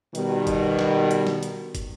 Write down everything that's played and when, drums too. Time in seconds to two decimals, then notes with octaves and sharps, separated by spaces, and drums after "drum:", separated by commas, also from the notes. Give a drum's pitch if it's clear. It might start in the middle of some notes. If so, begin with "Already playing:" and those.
0.15 B2 D#3 G3, drum: hi-hat
0.47 drum: kick, hi-hat
0.79 drum: snare
1.11 drum: hi-hat
1.27 drum: snare
1.43 drum: hi-hat
1.75 drum: kick, hi-hat